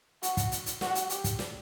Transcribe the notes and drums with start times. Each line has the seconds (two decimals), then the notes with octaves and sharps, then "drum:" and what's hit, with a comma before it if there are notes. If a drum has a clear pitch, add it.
0.23 F#4, drum: hi-hat
0.37 drum: kick, hi-hat
0.52 drum: hi-hat
0.66 drum: hi-hat
0.81 F#4, drum: snare
0.95 drum: hi-hat
1.10 G4, drum: hi-hat
1.24 drum: kick, hi-hat
1.39 drum: snare